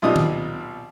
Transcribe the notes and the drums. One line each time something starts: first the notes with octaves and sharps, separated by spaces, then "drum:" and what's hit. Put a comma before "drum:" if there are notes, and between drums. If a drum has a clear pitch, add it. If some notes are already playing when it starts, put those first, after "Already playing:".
B1 A#2 G3 C4 D#4 D#6
drum: tom D#3